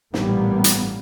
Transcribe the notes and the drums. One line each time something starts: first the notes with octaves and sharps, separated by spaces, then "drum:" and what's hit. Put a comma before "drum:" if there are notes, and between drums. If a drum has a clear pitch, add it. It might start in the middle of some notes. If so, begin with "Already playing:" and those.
A1 G2 A#2 G3 A#3 B3, drum: snare
drum: hi-hat